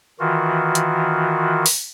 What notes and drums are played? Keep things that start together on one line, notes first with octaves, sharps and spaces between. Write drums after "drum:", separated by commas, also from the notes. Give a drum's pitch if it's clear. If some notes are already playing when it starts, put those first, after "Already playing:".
D#3 E3 F4 F#4
drum: hi-hat
drum: open hi-hat